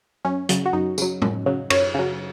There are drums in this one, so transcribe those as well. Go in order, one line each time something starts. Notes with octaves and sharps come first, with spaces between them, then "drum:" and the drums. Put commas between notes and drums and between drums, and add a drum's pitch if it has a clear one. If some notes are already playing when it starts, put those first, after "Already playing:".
F#2 C#4
C#3 F#3, drum: hi-hat
F#4
F#2 D#4
C#3 F#3, drum: tambourine
F#2, drum: tom A2
C#3 F#3
F#2 C#5, drum: cymbal
C#3 F#3